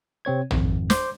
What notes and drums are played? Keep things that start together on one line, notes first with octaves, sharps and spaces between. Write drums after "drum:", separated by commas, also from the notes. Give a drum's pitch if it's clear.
C3 C4 C#5 G#6
G#1 F2, drum: tom
C5 C6 D6 G6, drum: snare